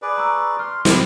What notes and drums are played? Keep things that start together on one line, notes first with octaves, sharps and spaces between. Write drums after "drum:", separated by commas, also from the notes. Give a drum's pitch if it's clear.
G#4 B4 D5
A#5 C#6 E6
C6 F6
C4 E4, drum: snare